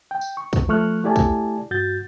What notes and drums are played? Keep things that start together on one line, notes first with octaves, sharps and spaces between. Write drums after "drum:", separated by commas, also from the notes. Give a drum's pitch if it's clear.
G5
drum: tambourine
C#6
drum: kick, tambourine
F3 A3 C#6 F6 F#6
A3 E4 G4 D5 G#5 A5
drum: kick, tambourine
G2 F#4 G6 A6